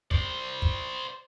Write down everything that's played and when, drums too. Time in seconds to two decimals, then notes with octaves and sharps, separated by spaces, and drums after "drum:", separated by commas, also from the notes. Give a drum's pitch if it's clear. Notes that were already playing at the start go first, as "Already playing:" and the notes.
0.11 C5 D5, drum: kick
0.62 drum: kick